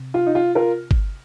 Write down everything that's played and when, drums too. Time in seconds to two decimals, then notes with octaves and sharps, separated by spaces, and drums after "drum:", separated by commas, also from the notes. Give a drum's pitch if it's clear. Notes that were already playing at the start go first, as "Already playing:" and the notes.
Already playing: C3
0.14 F4
0.26 D#4
0.35 F4
0.55 F4 A#4
0.91 drum: kick G1